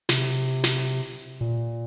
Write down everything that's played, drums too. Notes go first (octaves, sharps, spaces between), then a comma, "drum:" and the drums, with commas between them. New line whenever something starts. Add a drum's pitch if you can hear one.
C3, drum: snare
drum: snare
A#2